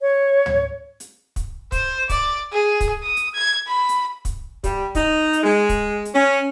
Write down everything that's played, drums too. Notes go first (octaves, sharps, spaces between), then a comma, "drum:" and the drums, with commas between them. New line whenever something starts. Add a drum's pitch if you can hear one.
C#5
drum: tom
drum: hi-hat
drum: kick, hi-hat
C5, drum: kick, hi-hat
D5, drum: kick, hi-hat
G#4
drum: kick, hi-hat
D#6
drum: hi-hat
G#6
B5
drum: hi-hat
drum: kick, hi-hat
G3, drum: kick, hi-hat
D#4, drum: kick, hi-hat
drum: hi-hat
G#3
drum: kick, hi-hat
drum: hi-hat
C#4